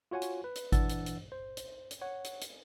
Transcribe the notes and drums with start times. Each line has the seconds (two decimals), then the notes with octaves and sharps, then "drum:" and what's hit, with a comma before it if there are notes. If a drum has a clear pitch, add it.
0.11 F4 F#4 C#5 F#5 G#5
0.22 drum: hi-hat
0.44 B4
0.55 drum: hi-hat
0.72 E3 D4 F#5 E6 A6, drum: kick G#1, hi-hat
0.89 drum: hi-hat
1.06 drum: hi-hat
1.32 C5
1.57 drum: hi-hat
1.91 drum: hi-hat
2.01 C#5 F#5
2.24 drum: hi-hat
2.41 drum: hi-hat